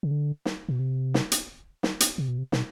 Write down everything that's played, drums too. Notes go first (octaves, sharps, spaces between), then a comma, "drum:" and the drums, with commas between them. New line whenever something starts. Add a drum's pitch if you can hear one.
C#3
D3
drum: snare
B2
C3
drum: snare
drum: hi-hat
drum: snare
drum: hi-hat
C3
B2
C3
B2, drum: snare